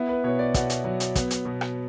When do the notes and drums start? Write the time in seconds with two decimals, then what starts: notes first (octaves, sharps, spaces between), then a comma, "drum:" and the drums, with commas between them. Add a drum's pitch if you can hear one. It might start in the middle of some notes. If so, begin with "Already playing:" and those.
Already playing: B3 E4
0.09 B4
0.24 B2 C#5
0.39 D5
0.54 B2 F#5, drum: kick, hi-hat
0.70 drum: hi-hat
0.84 F#3
1.00 drum: hi-hat
1.15 B3, drum: kick, hi-hat
1.31 drum: hi-hat
1.45 B2
1.61 drum: rim click